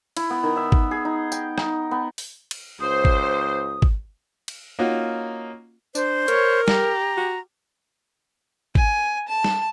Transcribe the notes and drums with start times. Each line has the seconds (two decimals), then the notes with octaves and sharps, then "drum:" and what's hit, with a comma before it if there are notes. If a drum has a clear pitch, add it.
0.17 E4, drum: cymbal
0.30 B3
0.43 D#3
0.57 E5
0.72 drum: kick G#1
0.91 G#4
1.05 D#4
1.32 G5, drum: tambourine
1.58 D#4, drum: rim click
1.91 B3
2.18 drum: open hi-hat
2.51 drum: cymbal
2.80 C#2 C5 D#6
3.05 drum: kick G#1
3.82 drum: kick G#1
4.48 drum: cymbal
4.79 A#3 C#4 D#4 F4 F#4
5.95 D4 C5, drum: tambourine
6.28 A#4 C#5, drum: hi-hat
6.68 G4 A#5, drum: snare
7.17 F#4
8.75 G#5, drum: kick G#1
9.28 A5
9.44 drum: snare